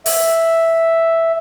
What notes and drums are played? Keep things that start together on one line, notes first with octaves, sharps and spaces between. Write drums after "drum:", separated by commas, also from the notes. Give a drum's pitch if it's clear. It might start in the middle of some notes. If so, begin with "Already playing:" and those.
E5, drum: open hi-hat